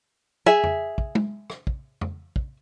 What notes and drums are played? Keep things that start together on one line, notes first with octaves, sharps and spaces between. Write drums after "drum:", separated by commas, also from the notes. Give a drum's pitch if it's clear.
G#4 E5
drum: tom F2
drum: kick
drum: tom
drum: rim click
drum: kick
drum: tom F2
drum: kick